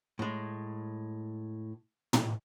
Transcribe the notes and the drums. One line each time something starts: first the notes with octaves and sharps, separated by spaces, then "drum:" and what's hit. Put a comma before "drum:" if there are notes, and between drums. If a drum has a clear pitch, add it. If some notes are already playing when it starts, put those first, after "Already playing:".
A2 G#3
drum: tom